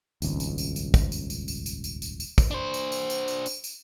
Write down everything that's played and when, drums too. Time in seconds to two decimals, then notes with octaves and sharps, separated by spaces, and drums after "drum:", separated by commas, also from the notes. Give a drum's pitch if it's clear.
0.22 D#1 G#1 C#2, drum: tambourine
0.40 drum: tambourine
0.58 drum: tambourine
0.76 drum: tambourine
0.94 drum: kick, tambourine
1.12 drum: tambourine
1.30 drum: tambourine
1.48 drum: tambourine
1.66 drum: tambourine
1.84 drum: tambourine
2.02 drum: tambourine
2.20 drum: tambourine
2.38 drum: kick, tambourine
2.51 D4 C5
2.74 drum: tambourine
2.92 drum: tambourine
3.10 drum: tambourine
3.28 drum: tambourine
3.46 drum: tambourine
3.64 drum: tambourine